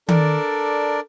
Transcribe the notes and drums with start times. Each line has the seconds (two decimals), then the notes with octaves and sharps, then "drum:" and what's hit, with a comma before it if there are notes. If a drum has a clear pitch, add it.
0.08 D4 A4 A#4 D5, drum: tom D#3